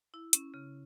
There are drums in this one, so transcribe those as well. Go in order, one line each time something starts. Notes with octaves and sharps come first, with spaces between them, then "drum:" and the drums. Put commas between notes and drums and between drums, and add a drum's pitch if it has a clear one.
E4
C#4, drum: hi-hat
C#3